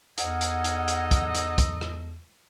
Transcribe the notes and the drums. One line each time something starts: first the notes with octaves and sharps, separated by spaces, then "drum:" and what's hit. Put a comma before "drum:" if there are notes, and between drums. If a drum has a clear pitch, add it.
E2 D#4 A4 D#5 F#5 F6 G#6, drum: hi-hat
drum: hi-hat
drum: hi-hat
drum: hi-hat
drum: kick, hi-hat
drum: hi-hat
drum: kick, hi-hat
drum: rim click